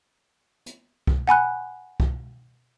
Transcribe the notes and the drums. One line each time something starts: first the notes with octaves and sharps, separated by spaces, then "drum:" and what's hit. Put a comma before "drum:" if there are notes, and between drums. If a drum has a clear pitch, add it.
drum: hi-hat
drum: kick
F#5 G#5 B5 F#6
drum: kick